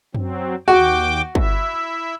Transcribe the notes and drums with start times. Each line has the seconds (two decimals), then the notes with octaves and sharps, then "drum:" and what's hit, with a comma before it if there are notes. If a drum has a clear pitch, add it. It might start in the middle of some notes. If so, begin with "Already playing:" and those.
0.15 F#3 C4, drum: tom F#2
0.68 D#2 F#4 G5 D6
1.35 E4 E5, drum: kick